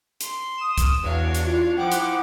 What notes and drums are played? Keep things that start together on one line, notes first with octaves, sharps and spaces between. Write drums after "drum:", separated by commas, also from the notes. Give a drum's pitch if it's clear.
C6, drum: hi-hat
D#6 E7
drum: kick C2, hi-hat
E2 D4 F#4 C#5 F5
drum: hi-hat
F4
F3 E4 F#5 G5 D6
drum: hi-hat